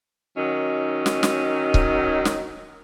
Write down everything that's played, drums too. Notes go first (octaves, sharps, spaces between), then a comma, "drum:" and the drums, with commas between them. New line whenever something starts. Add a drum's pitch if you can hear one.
D#3 F#3 C#4 D#4
drum: snare
drum: snare
drum: kick C#1
drum: snare